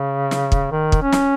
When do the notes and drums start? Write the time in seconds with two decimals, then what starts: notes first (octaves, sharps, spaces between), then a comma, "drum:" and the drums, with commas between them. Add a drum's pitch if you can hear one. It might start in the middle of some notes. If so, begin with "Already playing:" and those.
Already playing: C#3
0.31 drum: snare
0.52 drum: kick
0.71 D#3
0.92 drum: kick
1.02 C#4
1.13 drum: snare